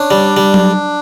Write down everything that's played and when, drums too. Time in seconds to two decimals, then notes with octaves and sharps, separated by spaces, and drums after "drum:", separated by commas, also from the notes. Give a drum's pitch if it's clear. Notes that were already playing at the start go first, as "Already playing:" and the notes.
Already playing: C#4 D4
0.11 G3
0.37 G3
0.54 drum: tom F#3